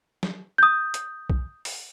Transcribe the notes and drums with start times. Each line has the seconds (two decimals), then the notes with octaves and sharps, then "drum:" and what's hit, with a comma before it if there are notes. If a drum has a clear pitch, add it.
0.23 drum: snare F#3
0.58 D#6 G6
0.94 drum: hi-hat
1.30 drum: kick B1
1.65 drum: open hi-hat